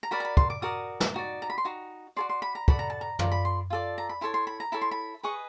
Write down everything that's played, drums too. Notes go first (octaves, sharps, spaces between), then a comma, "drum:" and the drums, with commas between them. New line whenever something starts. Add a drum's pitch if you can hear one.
A#5
F#4 A#4 D5 B5
A#5
B5
C6, drum: kick
D6
F#4 A#4 D5 D#6
drum: snare
D#4 F#4 D5
A#5
B5
C6
D#4 F#4
F#4 A4 D5 C6
C6
B5
A#5
F#4 A4 D5 B5, drum: kick
A#5
A5
A#5
F4 A4 D5 A#5, drum: tom
B5
C6
F4 A4 D5
A#5
B5
E4 A4 C#5 C6
C6
B5
A#5
E4 A4 C#5 B5
C6
B5
G#4 B4 D#5 C#6